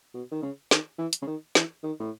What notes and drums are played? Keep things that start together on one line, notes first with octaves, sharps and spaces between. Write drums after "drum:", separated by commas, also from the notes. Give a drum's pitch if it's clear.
B2
D#3
C#3
D#3, drum: snare
E3
drum: hi-hat
C#3
D#3
E3, drum: snare
D#3
A2